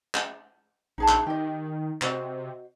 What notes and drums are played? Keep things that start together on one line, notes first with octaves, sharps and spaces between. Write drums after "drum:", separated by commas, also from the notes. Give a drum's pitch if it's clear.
drum: clap
A#1 D#4 G#4 A5
drum: clap
D#3 G4 D#5
C3 F#4 C5 D#5, drum: clap